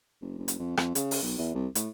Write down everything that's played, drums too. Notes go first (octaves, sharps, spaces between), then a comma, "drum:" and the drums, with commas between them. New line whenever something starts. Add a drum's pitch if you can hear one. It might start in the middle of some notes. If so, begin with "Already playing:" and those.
F#1
F#1
drum: hi-hat
F2
F2, drum: rim click
C#3, drum: hi-hat
drum: open hi-hat
B1
E2
C2
A2, drum: hi-hat